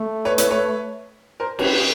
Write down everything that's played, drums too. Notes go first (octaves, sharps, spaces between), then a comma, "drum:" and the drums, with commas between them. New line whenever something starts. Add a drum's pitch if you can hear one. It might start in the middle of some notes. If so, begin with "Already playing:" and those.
Already playing: A3
B4 C#5
B4 C#5, drum: hi-hat
B4 C#5
A#4 C5
B4 C#5, drum: cymbal